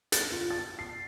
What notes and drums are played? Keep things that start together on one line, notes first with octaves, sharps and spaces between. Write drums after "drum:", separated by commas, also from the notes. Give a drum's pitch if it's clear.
A6, drum: hi-hat
F4
A6
C7